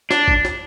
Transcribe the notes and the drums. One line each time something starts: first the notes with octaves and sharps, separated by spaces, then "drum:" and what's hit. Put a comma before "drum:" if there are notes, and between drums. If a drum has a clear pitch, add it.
D4, drum: snare
drum: kick
drum: snare